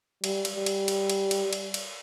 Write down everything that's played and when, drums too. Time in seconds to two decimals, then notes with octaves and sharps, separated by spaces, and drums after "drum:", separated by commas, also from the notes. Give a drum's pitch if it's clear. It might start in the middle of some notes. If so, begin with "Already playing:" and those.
0.24 G3, drum: cymbal
0.45 drum: cymbal
0.56 G3
0.66 drum: cymbal
0.88 drum: cymbal
1.10 drum: cymbal
1.31 drum: cymbal
1.53 drum: cymbal
1.74 drum: cymbal